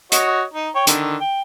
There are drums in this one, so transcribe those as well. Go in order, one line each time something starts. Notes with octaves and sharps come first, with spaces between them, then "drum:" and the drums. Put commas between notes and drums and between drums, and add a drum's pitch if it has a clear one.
F#4 C#5 D#5, drum: hi-hat
D#4
C#5 G5
D3 D#3, drum: hi-hat
G5